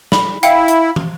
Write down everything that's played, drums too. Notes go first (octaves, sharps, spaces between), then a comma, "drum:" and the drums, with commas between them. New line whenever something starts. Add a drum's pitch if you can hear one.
B5, drum: snare
E4 F5 G5 C#7, drum: hi-hat
drum: hi-hat
drum: tom